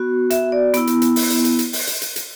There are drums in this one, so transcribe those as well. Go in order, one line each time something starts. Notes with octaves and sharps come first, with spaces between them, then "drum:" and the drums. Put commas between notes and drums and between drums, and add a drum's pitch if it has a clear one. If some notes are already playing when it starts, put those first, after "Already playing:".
Already playing: B3 F#4
E5, drum: hi-hat
D5
B3 E4, drum: hi-hat
drum: hi-hat
drum: hi-hat
drum: open hi-hat
drum: hi-hat
drum: hi-hat
drum: hi-hat
drum: open hi-hat
drum: hi-hat
drum: hi-hat
drum: hi-hat